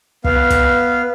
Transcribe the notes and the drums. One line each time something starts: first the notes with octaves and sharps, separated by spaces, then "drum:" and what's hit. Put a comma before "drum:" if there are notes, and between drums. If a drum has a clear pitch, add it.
B3 F5, drum: kick
drum: kick, hi-hat